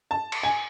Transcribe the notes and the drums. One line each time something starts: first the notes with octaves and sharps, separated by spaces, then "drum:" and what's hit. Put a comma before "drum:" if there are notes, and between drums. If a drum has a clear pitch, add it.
A5
drum: cymbal
G#5